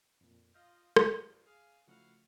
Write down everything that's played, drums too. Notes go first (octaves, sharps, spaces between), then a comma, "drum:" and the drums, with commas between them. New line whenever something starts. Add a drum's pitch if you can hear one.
F2 A#2
F4 D#5 F6 G6
drum: rim click
G2 F3
G#4 F5
C#3 F3 A3 E4 F#4 F5